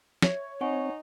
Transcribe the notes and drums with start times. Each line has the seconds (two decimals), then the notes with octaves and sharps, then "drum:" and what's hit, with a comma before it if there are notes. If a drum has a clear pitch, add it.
0.22 C#5 E5 G#6, drum: snare
0.61 C4 D#4 F#5 G#5 C#6